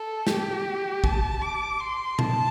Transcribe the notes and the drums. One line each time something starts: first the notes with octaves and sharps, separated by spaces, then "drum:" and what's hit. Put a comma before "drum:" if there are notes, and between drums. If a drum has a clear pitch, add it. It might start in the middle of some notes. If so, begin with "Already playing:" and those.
Already playing: A4
G4, drum: snare
A5, drum: kick
D6
C6
A5, drum: tom A#2